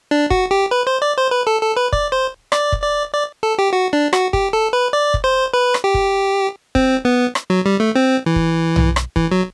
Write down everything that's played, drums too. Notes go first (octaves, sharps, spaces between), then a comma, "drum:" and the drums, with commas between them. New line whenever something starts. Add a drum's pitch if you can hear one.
D4
F#4, drum: kick
G4
B4
C5
D5
C5
B4
A4
A4
B4
D5, drum: kick
C5
D5, drum: rim click
drum: kick
D5
D5
A4
G4
F#4
D4
F#4, drum: rim click
G4, drum: kick
A4
B4
D5
drum: kick
C5
B4
drum: rim click
G4
drum: kick
C4, drum: kick
B3
drum: rim click
F#3
G3
A3
C4
E3
drum: kick
drum: tom
drum: rim click
E3, drum: kick
F#3